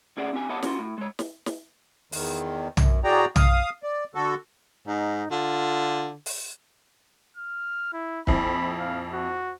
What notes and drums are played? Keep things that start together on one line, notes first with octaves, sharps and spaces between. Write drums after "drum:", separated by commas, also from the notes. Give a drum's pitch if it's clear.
D2 C#4 G#4 D5 F#5
C4 D4 G4 G#5
B3 G4 C#5 D#5 F#5 A5
C#4 F4 F#4 C6, drum: snare
A2
G#3 C#5
drum: snare
drum: snare
E2 D#3, drum: open hi-hat
F#2, drum: tom
A2 F#4 G#4 D5 G5 A#5
F5 D#6, drum: tom
D5
D3 F#4 A4
G#2 D#4
D3 F4
drum: open hi-hat
F6
E4
A#1 F2 E4 B5, drum: kick
F5
F#4